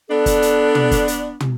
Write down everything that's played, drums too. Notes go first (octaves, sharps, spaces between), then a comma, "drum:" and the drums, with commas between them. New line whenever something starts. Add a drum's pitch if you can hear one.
B3 D4 A4
drum: kick, hi-hat
drum: hi-hat
drum: tom
drum: kick, hi-hat
drum: hi-hat
drum: tom